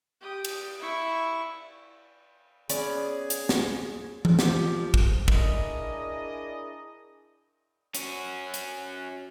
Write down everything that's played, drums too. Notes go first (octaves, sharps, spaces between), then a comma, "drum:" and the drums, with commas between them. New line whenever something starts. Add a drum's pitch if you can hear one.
G4 D#6
drum: cymbal
E4 C#6
B3 C#4 G#4 D5, drum: hi-hat
drum: hi-hat
drum: snare
drum: tom E3
F3 G4, drum: snare
drum: kick
D4 E4 G#4 A#4 D5 D#5, drum: kick
C#4 F#4, drum: hi-hat
drum: hi-hat